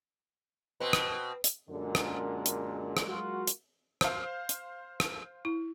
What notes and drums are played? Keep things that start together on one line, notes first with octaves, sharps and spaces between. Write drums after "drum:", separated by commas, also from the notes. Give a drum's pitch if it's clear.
B2 C4 B4
drum: rim click
drum: hi-hat
F#2 A#2 D3 G#3
drum: rim click
drum: hi-hat
drum: rim click
F#3 G#3 A#3 F4 F#4
drum: hi-hat
C5 F5, drum: rim click
drum: hi-hat
drum: rim click
E4